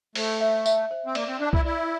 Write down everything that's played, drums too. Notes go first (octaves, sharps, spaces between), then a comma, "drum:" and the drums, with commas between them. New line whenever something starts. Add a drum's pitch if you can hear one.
A3 C5, drum: open hi-hat
E5
E5, drum: tambourine
C5
C4
A#3 D5, drum: cymbal
C4
D4 D5
E4, drum: kick B1
E4 D5